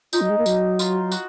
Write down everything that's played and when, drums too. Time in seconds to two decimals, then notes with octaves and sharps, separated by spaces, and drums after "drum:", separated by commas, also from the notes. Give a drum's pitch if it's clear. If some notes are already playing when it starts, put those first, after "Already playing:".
0.13 D#4 F4, drum: tambourine
0.21 F#3
0.30 G#3
0.38 A#3
0.46 F#3, drum: tambourine
0.79 F4, drum: tambourine
1.12 F#4, drum: tambourine